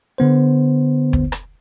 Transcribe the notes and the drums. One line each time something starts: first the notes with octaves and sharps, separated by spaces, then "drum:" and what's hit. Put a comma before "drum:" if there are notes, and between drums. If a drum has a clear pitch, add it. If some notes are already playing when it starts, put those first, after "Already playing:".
D3 B3 C5
drum: kick
drum: rim click